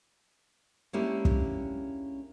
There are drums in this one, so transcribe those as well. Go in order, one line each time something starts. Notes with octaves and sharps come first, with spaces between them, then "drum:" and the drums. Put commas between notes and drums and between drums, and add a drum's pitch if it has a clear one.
G#3 A#3 C#4 D4 E4 G4
drum: kick